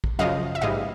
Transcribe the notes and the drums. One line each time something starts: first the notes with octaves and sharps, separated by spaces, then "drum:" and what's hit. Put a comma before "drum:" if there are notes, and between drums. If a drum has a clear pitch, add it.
drum: kick
F#2 C#3 F3 D#5 F5
E5
A1 G#2 E3 G3 D#5 F5